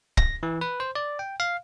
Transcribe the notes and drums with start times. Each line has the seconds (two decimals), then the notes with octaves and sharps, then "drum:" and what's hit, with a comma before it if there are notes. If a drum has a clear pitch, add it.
0.17 A#6, drum: kick
0.43 E3
0.61 B4
0.80 C5
0.95 D5
1.19 G5
1.40 F5